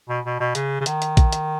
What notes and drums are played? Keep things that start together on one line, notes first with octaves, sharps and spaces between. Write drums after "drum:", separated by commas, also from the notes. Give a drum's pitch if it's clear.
B2
B2
B2
C#3, drum: hi-hat
C#3
D#3, drum: hi-hat
drum: hi-hat
drum: kick A#1, hi-hat
drum: hi-hat